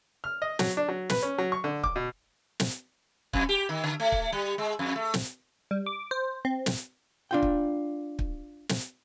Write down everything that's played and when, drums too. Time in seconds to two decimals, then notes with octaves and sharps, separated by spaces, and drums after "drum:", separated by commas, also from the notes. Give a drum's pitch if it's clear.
0.24 F6
0.42 D#5
0.59 F#3, drum: snare
0.77 D4
0.88 F#3
1.10 B4, drum: snare
1.22 C#4
1.38 F#3
1.52 C#6
1.64 D3
1.84 D6, drum: kick
1.96 B2
2.60 drum: snare
3.33 F2, drum: kick
3.49 G4
3.69 D#3
3.84 D3
4.00 A3
4.12 drum: kick
4.32 G3
4.58 G#3
4.79 F2
4.96 A3
5.14 drum: snare
5.71 G3
5.86 D6
6.11 C5
6.45 C4
6.66 drum: snare
7.31 D4 F4 G5
7.42 drum: kick
8.19 drum: kick
8.70 drum: snare